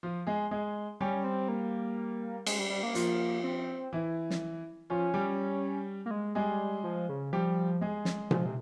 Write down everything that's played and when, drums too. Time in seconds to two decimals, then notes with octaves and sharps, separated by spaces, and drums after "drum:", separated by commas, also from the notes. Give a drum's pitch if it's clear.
0.03 F3 F4
0.27 G#3 G#4
0.51 G#3 G#4
1.01 G3 C#4 G4
1.24 C4
1.49 A#3
2.46 G#3, drum: cymbal
2.59 G3
2.70 G3
2.83 A#3
2.95 F3 F4, drum: hi-hat
3.44 C4
3.93 E3 E4
4.30 drum: snare
4.90 F3 C#4 F4
5.14 G3 G4
6.06 A#3
6.11 G#3
6.35 G3 G#3 G#4
6.84 F3
7.09 C#3
7.33 F3 G3 G4
7.81 G#3 G#4
8.05 drum: snare
8.31 F3, drum: tom B2
8.46 C3